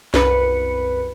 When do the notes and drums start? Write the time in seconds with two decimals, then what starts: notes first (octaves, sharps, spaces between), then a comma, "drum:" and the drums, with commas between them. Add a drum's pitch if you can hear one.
0.14 C2 F#2 B4 B5 C#7, drum: snare